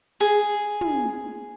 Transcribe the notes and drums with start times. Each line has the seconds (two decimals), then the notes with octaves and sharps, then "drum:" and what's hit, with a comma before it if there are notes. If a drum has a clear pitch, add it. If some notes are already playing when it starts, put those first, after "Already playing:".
0.20 G#4
0.81 drum: tom